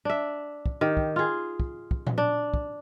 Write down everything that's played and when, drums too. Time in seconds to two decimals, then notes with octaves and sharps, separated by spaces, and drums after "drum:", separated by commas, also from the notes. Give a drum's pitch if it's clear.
0.05 D4 E5
0.66 drum: kick
0.81 D#3 G4
0.97 drum: kick
1.16 F4 G#4
1.60 drum: kick
1.91 drum: kick
2.07 drum: tom A#2
2.18 D4
2.54 drum: kick